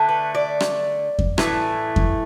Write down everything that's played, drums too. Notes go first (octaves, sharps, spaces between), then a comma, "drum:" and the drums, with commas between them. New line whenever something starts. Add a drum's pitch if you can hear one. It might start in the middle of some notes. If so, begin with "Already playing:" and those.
Already playing: D3 A3
B4
D5
drum: rim click
drum: kick F2
A2 E3 A3, drum: rim click
drum: kick F2